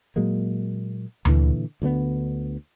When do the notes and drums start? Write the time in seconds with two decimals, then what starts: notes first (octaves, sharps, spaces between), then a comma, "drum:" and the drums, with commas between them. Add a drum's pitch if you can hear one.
0.16 A#2 F#3 G#3 A#3
1.25 A#2 D3 E3, drum: tom D2
1.82 D2 D3 A3 B3